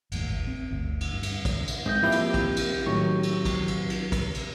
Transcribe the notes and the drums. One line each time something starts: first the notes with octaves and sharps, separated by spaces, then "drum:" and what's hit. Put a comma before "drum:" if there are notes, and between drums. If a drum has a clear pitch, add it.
F#1 D#2 G#2, drum: cymbal
D1 G#1
C4
G1 D2
drum: cymbal
G2
drum: cymbal
drum: kick, cymbal
drum: cymbal
G#2 C4 D#5 G5
F3 A#3 E4 G4
drum: cymbal
drum: kick, cymbal
drum: cymbal
A2 D#3 F#3 C#6
drum: cymbal
drum: kick, cymbal
drum: cymbal
drum: cymbal
drum: kick, cymbal
drum: cymbal